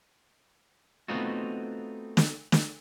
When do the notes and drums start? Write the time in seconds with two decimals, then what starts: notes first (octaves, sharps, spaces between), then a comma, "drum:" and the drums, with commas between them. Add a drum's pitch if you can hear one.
1.08 A3 B3 C4 D#4 F4 F#4
2.17 drum: snare
2.52 drum: snare